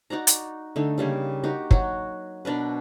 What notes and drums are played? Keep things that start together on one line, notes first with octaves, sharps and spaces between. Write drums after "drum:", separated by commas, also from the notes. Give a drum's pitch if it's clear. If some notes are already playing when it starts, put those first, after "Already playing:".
D#4 F#4 D5 A#5
drum: hi-hat
D3 A3 D#4
C#3 G3 A#3 G#5
D#4 F#4 G4 A#4
F#3 F#4, drum: kick
B2 D4 A#4 B4